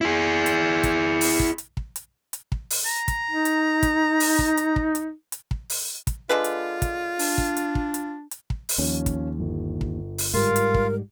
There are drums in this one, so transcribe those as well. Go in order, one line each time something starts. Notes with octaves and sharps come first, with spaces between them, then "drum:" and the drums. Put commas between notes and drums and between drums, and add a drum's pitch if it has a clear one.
E4 G#4
drum: hi-hat
drum: kick, hi-hat
drum: open hi-hat
drum: kick
drum: hi-hat
drum: kick
drum: hi-hat
drum: hi-hat
drum: kick
drum: open hi-hat
A#5
drum: kick, hi-hat
D#4
drum: hi-hat
drum: kick, hi-hat
drum: open hi-hat
drum: kick
drum: hi-hat
drum: kick
drum: hi-hat
drum: hi-hat
drum: kick
drum: open hi-hat
drum: kick, hi-hat
D3 G#3 F4 B4
drum: hi-hat
drum: kick, hi-hat
D4, drum: open hi-hat
drum: kick
drum: hi-hat
drum: kick
drum: hi-hat
drum: hi-hat
drum: kick
drum: open hi-hat
D#2 F3 C#4
drum: kick, hi-hat
G1
drum: kick
drum: open hi-hat
G#2 G3 F4 A#4 F5
drum: hi-hat
drum: kick